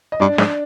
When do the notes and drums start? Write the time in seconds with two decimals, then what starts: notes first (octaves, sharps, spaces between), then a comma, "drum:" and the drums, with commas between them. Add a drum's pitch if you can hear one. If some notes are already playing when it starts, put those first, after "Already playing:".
0.12 D#5
0.20 G2 D4 D5
0.38 G#2, drum: snare